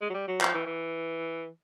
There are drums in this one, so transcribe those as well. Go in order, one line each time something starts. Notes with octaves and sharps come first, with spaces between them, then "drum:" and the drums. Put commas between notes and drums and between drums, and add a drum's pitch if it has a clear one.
G#3
F#3
G3
F#3
F3, drum: clap
E3
E3